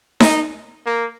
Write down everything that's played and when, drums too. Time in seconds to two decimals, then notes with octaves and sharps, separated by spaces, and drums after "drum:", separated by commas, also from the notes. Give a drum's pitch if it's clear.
0.20 D#4, drum: snare D#4
0.86 A#3